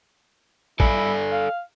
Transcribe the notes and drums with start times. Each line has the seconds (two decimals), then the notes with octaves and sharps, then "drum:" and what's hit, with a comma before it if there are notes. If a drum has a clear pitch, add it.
0.80 E4 A4 D5 G#5, drum: kick A1
1.31 F5